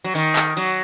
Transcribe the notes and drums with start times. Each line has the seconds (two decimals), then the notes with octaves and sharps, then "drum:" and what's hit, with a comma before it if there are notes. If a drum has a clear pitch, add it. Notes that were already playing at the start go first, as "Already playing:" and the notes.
0.04 F#3
0.15 D#3, drum: cymbal
0.36 drum: clap
0.57 F#3, drum: cymbal